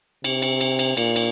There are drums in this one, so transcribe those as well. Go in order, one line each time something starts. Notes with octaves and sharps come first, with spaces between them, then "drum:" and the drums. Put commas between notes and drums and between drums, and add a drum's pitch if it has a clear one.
C3, drum: cymbal
drum: cymbal
drum: cymbal
drum: cymbal
A#2, drum: cymbal
drum: cymbal